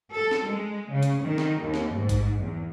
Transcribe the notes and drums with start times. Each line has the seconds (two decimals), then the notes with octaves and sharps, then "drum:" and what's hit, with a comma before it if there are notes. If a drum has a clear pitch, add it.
0.14 A4
0.31 drum: snare
0.47 G#3
0.90 C#3
1.03 drum: hi-hat
1.23 D#3
1.38 drum: snare
1.62 D#2
1.74 drum: snare
1.93 G#2
2.09 drum: kick A1, hi-hat
2.41 E2